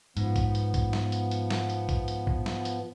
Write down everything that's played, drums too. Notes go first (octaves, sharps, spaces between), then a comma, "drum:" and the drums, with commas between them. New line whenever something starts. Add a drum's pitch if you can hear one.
G#2 F3 B3, drum: hi-hat
drum: kick A#1, hi-hat
drum: hi-hat
drum: kick A#1, hi-hat
drum: snare
drum: hi-hat
drum: hi-hat
drum: snare
drum: hi-hat
drum: kick A#1, hi-hat
drum: hi-hat
drum: kick A#1
drum: snare
drum: hi-hat